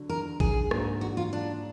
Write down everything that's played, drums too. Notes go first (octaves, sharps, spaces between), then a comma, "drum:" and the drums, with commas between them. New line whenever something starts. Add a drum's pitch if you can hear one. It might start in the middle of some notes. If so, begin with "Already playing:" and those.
Already playing: D3 F#3 D4
A#4
G#4, drum: kick A#1
G#2 F#3 A#3 D4, drum: rim click
F#4
F4
D4